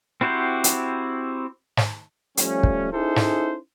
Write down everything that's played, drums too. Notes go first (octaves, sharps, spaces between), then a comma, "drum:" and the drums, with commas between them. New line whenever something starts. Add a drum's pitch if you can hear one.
C4 E4 F#4 G4 C5
drum: hi-hat
drum: snare
F3 G3 A3 C#4, drum: hi-hat
drum: kick
C#4 D#4 E4 G#4 A4 C5
drum: snare